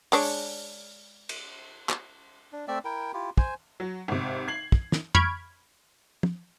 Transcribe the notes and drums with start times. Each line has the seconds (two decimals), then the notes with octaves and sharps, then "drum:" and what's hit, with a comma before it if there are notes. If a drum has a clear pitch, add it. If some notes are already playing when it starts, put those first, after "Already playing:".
0.12 G#3 D4 C#5, drum: open hi-hat
1.29 drum: cymbal
1.89 drum: clap
2.52 D4
2.68 A3 C4 D5 E5
2.85 E4 A#4 G5
3.14 E4 F4 G4
3.38 C5 G#5, drum: kick
3.80 F#3
4.08 G#1 C3
4.48 G#6 C7 F#7
4.72 drum: kick
4.92 drum: snare
5.15 B5 C#6 F6 G#6 D7, drum: tom F2
6.23 drum: tom